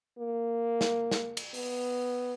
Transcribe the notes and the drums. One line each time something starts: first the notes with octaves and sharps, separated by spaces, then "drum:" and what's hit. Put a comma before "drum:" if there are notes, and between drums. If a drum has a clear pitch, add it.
A#3
drum: snare
drum: snare
drum: cymbal
B3, drum: open hi-hat